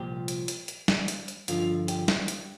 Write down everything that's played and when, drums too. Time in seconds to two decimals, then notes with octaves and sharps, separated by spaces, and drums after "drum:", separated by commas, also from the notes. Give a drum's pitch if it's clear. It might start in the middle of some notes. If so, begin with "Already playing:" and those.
Already playing: C2 A#2 F3 G4
0.28 drum: hi-hat
0.48 drum: hi-hat
0.68 drum: hi-hat
0.88 drum: snare
1.08 drum: hi-hat
1.28 drum: hi-hat
1.48 G2 D3 F3 F4, drum: hi-hat
1.88 G4, drum: hi-hat
2.08 drum: snare
2.28 drum: hi-hat